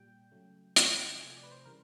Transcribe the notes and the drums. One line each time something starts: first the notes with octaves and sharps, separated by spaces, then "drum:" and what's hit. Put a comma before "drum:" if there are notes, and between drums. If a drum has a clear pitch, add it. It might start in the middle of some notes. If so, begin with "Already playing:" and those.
Already playing: A#2 G3 G5
C#3 F#3 A3
D3 F3 A3 F#5, drum: hi-hat
F#5
G5
G5
C3 F3 A3 G#5
D5
B4
C5
C#3 E3 G3 A#4